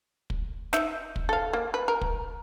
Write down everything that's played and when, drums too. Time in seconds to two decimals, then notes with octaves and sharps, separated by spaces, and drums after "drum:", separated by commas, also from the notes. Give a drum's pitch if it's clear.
0.30 drum: kick
0.73 D#4 E5, drum: snare
1.16 drum: kick
1.29 A4 F5
1.53 A#3
1.74 B4
1.88 A#4
2.01 drum: kick